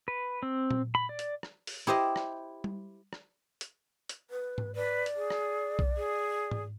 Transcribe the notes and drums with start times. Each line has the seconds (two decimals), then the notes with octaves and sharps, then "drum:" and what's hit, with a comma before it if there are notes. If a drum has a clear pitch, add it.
0.08 B4
0.43 C4
0.71 drum: tom A#2
0.95 B5
1.09 D5
1.19 drum: hi-hat
1.43 drum: rim click
1.67 drum: open hi-hat
1.87 E4 G4 C5 D#5
2.16 drum: rim click
2.64 drum: tom G3
3.13 drum: rim click
3.61 drum: hi-hat
4.09 drum: hi-hat
4.30 B4
4.58 drum: tom G#2
4.76 B4 D5
5.06 drum: hi-hat
5.16 G#4
5.30 drum: rim click
5.79 drum: kick B1
5.97 G#4
6.51 drum: tom G#2